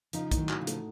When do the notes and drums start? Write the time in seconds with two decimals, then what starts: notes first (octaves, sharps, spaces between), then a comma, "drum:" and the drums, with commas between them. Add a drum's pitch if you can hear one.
0.13 C#3 F3 D#4, drum: hi-hat
0.31 A2, drum: kick, hi-hat
0.37 D#3 F#3
0.49 F#4, drum: clap
0.61 C#3 F3
0.67 A3, drum: hi-hat